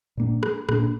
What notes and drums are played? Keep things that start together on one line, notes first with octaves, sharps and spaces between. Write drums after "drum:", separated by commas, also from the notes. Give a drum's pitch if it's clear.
A#2 A#3 D4
drum: rim click
A#2 A#3 D4, drum: rim click